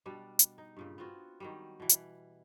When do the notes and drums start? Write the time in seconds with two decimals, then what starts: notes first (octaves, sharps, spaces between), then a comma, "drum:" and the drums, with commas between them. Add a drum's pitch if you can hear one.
0.06 B2 G3 D4
0.39 drum: hi-hat
0.58 D#4
0.77 G2 A#2 C#3
0.98 B3 C4 F4 F#4
1.40 D#3 F#3 G3
1.80 B2 E3
1.89 drum: hi-hat